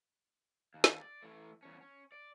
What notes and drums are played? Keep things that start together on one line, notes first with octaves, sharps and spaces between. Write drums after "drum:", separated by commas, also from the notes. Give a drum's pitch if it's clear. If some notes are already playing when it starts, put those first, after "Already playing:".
D#2
drum: snare
D5
E3 A3
E2 C#4
C#4
D5